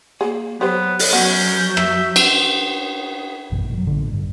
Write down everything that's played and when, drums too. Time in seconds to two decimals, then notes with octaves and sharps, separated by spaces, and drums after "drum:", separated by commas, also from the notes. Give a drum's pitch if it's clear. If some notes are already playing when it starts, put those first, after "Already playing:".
0.21 A#3 G#4
0.61 F#3 B3 G4 B4 C5
0.99 drum: open hi-hat
1.13 F#3 B3 C#4 F#4 G6
1.77 E5, drum: rim click
2.16 drum: cymbal
3.51 A1 F#2 B2
3.74 F#3 G3
3.87 A1 D3
4.12 G2